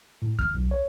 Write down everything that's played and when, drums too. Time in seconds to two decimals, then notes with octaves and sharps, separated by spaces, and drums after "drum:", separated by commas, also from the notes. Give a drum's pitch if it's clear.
0.22 A2
0.39 F6, drum: kick D#2
0.54 B1
0.71 C#5